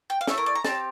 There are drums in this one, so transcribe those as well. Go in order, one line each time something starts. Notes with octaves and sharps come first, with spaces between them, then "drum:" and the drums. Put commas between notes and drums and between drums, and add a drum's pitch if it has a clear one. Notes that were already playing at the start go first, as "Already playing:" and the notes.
G5
F5
A3 E4 A4 E5, drum: snare
A#4
D5
A#5
C4 G4 A5, drum: snare